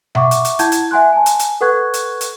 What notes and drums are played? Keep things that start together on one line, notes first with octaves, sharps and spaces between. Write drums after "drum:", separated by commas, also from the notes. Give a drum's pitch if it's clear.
E5 F#5 C#6 D6, drum: tom B2
drum: hi-hat
drum: hi-hat
E4 F#5 A5 G6 G#6, drum: hi-hat
drum: hi-hat
E5 F#5 G#5 C6 F#6
G#5 A5
drum: hi-hat
drum: hi-hat
A4 B4 F#5 C#6 F#6 G#6
drum: hi-hat
drum: hi-hat